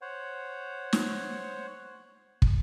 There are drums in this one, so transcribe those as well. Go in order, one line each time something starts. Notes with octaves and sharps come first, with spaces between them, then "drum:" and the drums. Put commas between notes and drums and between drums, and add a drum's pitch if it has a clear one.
C5 C#5 F#5
drum: snare
drum: kick